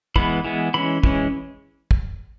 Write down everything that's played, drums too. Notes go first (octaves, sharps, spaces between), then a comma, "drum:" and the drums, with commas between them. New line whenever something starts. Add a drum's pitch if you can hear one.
E3 G#3 B3 B5, drum: kick
E3 G#3 B3
E3 G#3 C#4 B5
E3 G#3 C#4, drum: kick
drum: kick